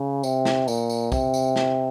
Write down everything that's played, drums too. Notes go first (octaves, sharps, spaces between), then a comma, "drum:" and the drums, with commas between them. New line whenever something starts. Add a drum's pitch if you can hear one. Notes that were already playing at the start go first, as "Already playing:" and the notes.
Already playing: C#3
C3, drum: tambourine
drum: snare
A#2, drum: tambourine
drum: tambourine
C3, drum: kick, tambourine
drum: tambourine
drum: snare